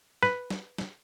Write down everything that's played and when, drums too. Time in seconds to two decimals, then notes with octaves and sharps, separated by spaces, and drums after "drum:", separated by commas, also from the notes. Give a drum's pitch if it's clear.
0.23 B4, drum: snare
0.50 drum: snare
0.78 drum: snare